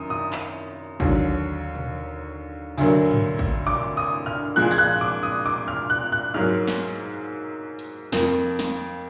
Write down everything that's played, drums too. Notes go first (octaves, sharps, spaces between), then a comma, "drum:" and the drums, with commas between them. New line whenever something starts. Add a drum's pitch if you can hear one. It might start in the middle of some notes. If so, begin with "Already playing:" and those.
Already playing: F#2 D#3 D#6
D#6
drum: clap
D#2 D3 F#3, drum: kick A1
drum: tom A#2
D2 D3 F#3 A#3, drum: tambourine
drum: tom G2
drum: kick A1
D6, drum: tom A#2
D#6
F6
A#2 F3 G#3 F#6
G#6, drum: tambourine
F#6
D6
D#6
D6
F6
F#6
F#6
G#2 F#3 A#3 F6
drum: snare
drum: hi-hat
F2 F3 A#3, drum: snare
drum: snare